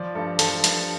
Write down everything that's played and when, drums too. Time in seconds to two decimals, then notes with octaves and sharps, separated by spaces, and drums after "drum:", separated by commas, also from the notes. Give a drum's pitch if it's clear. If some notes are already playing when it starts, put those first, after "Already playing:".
Already playing: F3 D5
0.15 G2 A4
0.39 F3 A4, drum: hi-hat
0.64 G2, drum: hi-hat